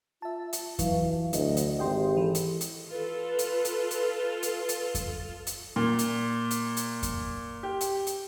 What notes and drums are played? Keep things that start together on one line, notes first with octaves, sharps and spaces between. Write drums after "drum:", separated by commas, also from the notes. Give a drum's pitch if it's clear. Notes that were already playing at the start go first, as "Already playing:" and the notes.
F4 E5 A5
drum: hi-hat
E3 F#3 F5, drum: kick F2, hi-hat
D2 D#5, drum: hi-hat
drum: hi-hat
G#1 G4 D#5 G5 C6
E3 A4
drum: hi-hat
drum: hi-hat
F4 A4 B4
drum: hi-hat
drum: hi-hat
drum: hi-hat
drum: hi-hat
drum: hi-hat
drum: kick F2, hi-hat
drum: hi-hat
A#2
drum: hi-hat
drum: hi-hat
drum: hi-hat
drum: kick F2, hi-hat
G4
drum: hi-hat
drum: hi-hat